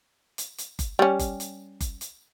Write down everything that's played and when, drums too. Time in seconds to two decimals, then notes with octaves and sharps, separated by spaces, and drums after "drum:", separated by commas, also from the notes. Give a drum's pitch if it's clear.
0.38 drum: hi-hat
0.58 drum: hi-hat
0.79 drum: kick F#1, hi-hat
0.99 G3 C#4
1.19 drum: kick F#1, hi-hat
1.40 drum: hi-hat
1.81 drum: kick F#1, hi-hat
2.01 drum: hi-hat